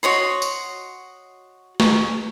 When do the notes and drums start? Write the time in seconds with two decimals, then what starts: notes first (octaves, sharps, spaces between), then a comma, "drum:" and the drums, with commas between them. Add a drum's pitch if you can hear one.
0.03 F#4 C#5 D#5 C6
0.42 drum: tambourine
1.80 drum: snare